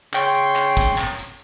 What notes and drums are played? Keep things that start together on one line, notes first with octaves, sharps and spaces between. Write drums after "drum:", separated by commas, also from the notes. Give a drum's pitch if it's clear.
C#3 C#5 G5 C6, drum: clap
drum: hi-hat
drum: clap
drum: kick, hi-hat
drum: clap
drum: hi-hat